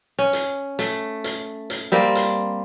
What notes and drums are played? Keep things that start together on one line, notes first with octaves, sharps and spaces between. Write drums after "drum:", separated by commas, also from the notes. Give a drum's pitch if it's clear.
C#4
drum: hi-hat
A3, drum: hi-hat
drum: hi-hat
drum: hi-hat
G3 A#3 C4
drum: hi-hat